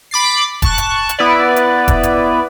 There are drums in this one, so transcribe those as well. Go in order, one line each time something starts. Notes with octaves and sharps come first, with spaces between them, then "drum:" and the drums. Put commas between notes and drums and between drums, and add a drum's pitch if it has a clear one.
B5 D6 A6 C7
A5 C#6 F#6, drum: kick E1, hi-hat
drum: hi-hat
drum: hi-hat
B3 E4 B4 D5
drum: hi-hat
drum: kick E1, hi-hat
drum: hi-hat